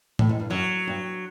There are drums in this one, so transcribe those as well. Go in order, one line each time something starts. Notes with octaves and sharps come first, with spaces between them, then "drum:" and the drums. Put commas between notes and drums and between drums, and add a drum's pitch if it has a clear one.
A2, drum: tom A2
G#2
G2
F#2 F#3
G2